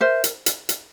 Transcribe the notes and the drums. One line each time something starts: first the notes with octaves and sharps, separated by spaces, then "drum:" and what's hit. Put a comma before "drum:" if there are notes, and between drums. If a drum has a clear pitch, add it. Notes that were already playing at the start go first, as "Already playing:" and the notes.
A#4 C5 E5
drum: hi-hat
drum: hi-hat
drum: hi-hat